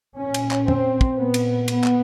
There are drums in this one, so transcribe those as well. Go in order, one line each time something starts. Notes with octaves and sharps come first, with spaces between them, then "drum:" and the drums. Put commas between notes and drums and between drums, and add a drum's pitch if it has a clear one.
A#2 C#4
drum: cymbal
drum: clap
C4, drum: tom
drum: kick
A#2 B3
drum: cymbal
B3, drum: cymbal
drum: clap